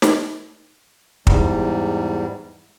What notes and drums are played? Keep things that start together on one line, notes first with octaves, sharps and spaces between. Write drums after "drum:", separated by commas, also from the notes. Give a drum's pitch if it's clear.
drum: snare
E2 G#2 G3, drum: kick